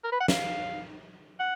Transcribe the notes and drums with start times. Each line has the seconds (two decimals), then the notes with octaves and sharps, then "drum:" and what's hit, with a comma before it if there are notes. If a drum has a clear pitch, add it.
0.04 A#4
0.12 B4
0.20 F#5
0.28 F5, drum: snare
1.40 F#5